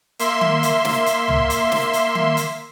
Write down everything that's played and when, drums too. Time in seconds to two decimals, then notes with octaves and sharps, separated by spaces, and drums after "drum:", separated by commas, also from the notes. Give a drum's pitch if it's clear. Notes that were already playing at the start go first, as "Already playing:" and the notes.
0.19 A#3 E5 C6, drum: hi-hat
0.41 drum: tom D#3
0.63 drum: hi-hat
0.85 drum: snare
1.06 drum: hi-hat
1.28 drum: tom C#2
1.50 drum: hi-hat
1.72 drum: snare
1.93 drum: hi-hat
2.15 drum: tom D#3
2.37 drum: hi-hat